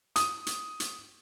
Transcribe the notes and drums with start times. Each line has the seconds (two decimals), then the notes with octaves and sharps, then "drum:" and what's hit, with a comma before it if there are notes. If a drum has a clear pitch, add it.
0.16 D#6, drum: hi-hat
0.46 drum: hi-hat
0.80 drum: hi-hat